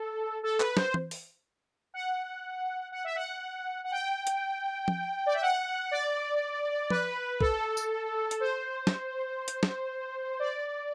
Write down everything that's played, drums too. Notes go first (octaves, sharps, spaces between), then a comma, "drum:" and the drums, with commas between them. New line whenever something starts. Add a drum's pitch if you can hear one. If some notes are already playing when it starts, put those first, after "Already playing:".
Already playing: A4
A4
B4, drum: clap
C5, drum: snare
drum: tom E3
drum: open hi-hat
F#5
F#5
E5
F#5
F#5
G5
drum: hi-hat
drum: tom
D5
E5
F#5
D5
B4, drum: tom
A4, drum: kick A#1
drum: tambourine
drum: hi-hat
C5
drum: snare
drum: hi-hat
drum: snare
D5